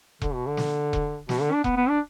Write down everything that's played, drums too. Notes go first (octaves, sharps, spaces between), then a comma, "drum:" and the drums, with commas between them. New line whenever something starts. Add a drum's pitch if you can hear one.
D3, drum: kick E1
B2
D3
drum: snare
drum: kick E1
B2, drum: snare
D3
D4
B3, drum: kick E1
B3
D4